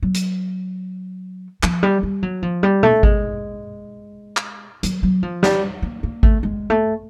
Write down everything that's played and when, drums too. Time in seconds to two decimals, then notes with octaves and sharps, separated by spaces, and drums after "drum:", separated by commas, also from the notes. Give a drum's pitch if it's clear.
0.02 F#3
0.14 drum: hi-hat
1.63 F3, drum: clap
1.83 G3
2.03 G3
2.23 F#3
2.42 F3
2.63 G3
2.83 A3, drum: tom B2
3.03 G#3, drum: kick G#1
4.37 drum: clap
4.83 F#3, drum: hi-hat
5.03 F#3
5.23 F3
5.43 G3, drum: snare
5.82 A#3
6.03 A#3
6.23 A3, drum: kick G#1
6.43 G#3
6.70 A3